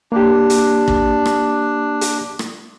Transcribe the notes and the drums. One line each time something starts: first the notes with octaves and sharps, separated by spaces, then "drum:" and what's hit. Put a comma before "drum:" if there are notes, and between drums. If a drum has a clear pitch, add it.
A#3 D4 G4
drum: hi-hat
drum: kick
drum: rim click
drum: hi-hat
drum: rim click